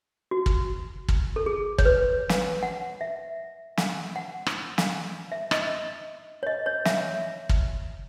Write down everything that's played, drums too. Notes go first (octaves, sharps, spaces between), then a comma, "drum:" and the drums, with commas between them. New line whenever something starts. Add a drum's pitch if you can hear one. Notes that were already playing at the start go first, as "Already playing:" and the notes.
F#4
drum: kick
drum: kick
A4
G#4
C#5, drum: kick
B4
drum: snare
F#5
E5
F#5, drum: snare
F#5
drum: rim click
drum: snare
E5
D#5, drum: rim click
C#5
D#5
C#5
E5, drum: snare
drum: kick